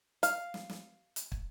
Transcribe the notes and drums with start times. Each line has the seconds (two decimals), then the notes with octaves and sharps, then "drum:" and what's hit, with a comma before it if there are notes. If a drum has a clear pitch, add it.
0.23 F5, drum: hi-hat
0.54 drum: snare
0.69 drum: snare
1.16 drum: hi-hat
1.32 drum: kick